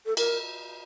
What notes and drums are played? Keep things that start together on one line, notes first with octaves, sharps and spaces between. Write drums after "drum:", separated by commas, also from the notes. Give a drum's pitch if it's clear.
A4
A#4, drum: cymbal